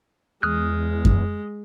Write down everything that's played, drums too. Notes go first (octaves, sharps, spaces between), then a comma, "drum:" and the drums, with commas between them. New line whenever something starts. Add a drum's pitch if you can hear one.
E2 G#3 D#6 F6 F#6
drum: kick F#2